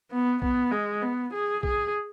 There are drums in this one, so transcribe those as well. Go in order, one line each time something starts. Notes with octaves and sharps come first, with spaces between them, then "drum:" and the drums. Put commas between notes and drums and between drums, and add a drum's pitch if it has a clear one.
B3
B3, drum: kick B1
G#3
B3
G#4
G#4, drum: kick B1